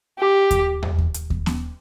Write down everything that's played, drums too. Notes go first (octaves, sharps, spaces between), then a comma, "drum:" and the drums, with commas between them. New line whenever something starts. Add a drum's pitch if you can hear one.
G4
drum: kick D#2, hi-hat
drum: tom E2
drum: kick D#2
drum: hi-hat
drum: kick D#2
drum: snare B3